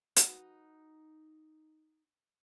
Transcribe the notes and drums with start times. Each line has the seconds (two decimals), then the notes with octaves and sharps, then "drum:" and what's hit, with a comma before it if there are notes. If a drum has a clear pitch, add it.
0.16 D#4 F#4 B4, drum: hi-hat